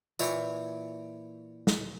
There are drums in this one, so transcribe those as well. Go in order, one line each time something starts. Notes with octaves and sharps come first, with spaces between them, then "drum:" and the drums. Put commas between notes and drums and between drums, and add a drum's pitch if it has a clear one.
A#2 E3 C#5 G5, drum: tambourine
drum: snare